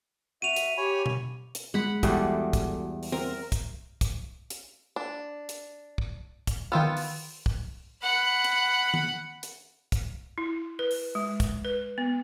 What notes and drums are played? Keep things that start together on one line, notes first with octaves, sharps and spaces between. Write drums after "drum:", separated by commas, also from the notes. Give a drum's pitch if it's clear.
F#4 E5 D#7 F7
drum: hi-hat
G4 C#5 G#5 B5
drum: tom B2
drum: hi-hat
G#3 F#5 B5
E2 G3 F#4 A4 D6, drum: kick, hi-hat
drum: kick, hi-hat
drum: open hi-hat
C4 A#4
drum: kick, hi-hat
drum: kick, hi-hat
drum: hi-hat
D4
drum: hi-hat
drum: kick
drum: kick, hi-hat
D#3 B3 F4 G5 E6
drum: open hi-hat
drum: kick
F#5 B5
drum: hi-hat
drum: tom D#3
drum: hi-hat
drum: kick, hi-hat
E4
B4
drum: open hi-hat
G#3
drum: kick, hi-hat
B4
B3